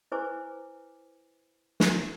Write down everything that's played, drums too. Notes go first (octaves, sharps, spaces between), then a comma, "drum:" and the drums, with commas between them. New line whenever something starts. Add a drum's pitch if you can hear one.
E4 B4 C5 G#5 D6
drum: snare